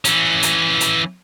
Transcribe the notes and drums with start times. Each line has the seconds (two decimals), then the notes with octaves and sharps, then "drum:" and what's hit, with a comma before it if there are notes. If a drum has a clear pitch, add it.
0.05 E3 C#4, drum: hi-hat
0.43 drum: hi-hat
0.81 drum: hi-hat